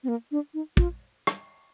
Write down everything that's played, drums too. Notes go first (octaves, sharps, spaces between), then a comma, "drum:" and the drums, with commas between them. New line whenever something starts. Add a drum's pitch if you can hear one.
C4
A#3
D4
D#4
F4, drum: kick
drum: rim click